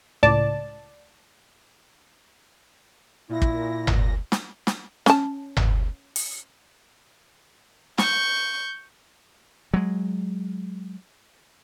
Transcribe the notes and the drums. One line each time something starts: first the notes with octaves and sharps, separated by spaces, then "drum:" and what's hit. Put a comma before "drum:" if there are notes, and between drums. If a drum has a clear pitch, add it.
C#2 A2 D5 A5
A#2 E4 A#6
drum: kick
drum: tom G1
drum: snare
drum: snare
C#4 A5, drum: snare
drum: tom G1
drum: open hi-hat
C#6 G6, drum: snare
F#3 G#3